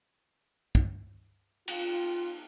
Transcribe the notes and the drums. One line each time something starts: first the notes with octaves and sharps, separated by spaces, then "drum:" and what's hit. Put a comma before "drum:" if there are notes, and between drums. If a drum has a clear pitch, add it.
drum: kick
F4, drum: cymbal